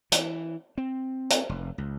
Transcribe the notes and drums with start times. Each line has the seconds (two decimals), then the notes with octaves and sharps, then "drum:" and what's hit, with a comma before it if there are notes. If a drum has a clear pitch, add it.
0.12 E3, drum: hi-hat
0.78 C4
1.30 drum: hi-hat
1.49 F1
1.78 C#2